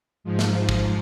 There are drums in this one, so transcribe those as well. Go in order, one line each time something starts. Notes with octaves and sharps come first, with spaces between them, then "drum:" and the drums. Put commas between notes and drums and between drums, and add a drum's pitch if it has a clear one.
G#2 F3
drum: snare
drum: kick